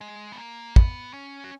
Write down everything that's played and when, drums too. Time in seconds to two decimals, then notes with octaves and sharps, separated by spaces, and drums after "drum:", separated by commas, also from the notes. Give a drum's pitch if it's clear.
0.01 G#3
0.32 B3
0.38 A#3
0.76 B3, drum: kick
1.13 C#4
1.44 F#4